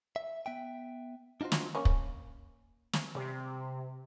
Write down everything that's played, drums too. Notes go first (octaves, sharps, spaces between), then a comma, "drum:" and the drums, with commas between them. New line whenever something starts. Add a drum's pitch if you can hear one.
E5
B3 E5 G5
D4 D#4 F4 F#4 C5
drum: snare
A#3 C#4
drum: kick
drum: snare
C3 G3